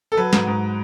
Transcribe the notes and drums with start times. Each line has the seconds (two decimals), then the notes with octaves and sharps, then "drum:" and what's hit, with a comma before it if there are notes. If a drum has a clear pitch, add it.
0.12 A4
0.17 F#3 B4
0.33 G#2, drum: snare
0.47 G#2